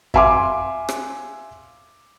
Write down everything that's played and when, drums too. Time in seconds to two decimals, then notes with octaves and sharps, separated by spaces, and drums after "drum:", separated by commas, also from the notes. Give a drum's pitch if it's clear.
0.14 E5 F5 G#5 C6 D6, drum: kick F#2
0.89 drum: rim click